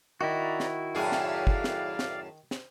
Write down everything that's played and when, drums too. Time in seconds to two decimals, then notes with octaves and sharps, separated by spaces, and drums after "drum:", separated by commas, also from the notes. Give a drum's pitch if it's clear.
0.21 D#3 E4 F#4 D5 A#5
0.60 drum: snare
0.95 F#2 A2 G#4 D5 F5
1.12 drum: snare
1.47 drum: kick
1.64 drum: snare
1.99 drum: snare
2.51 drum: snare